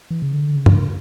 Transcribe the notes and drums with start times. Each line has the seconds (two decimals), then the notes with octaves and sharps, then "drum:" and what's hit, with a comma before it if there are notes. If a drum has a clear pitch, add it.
0.11 E3
0.22 C#3
0.34 D3
0.56 C#3
0.66 drum: tom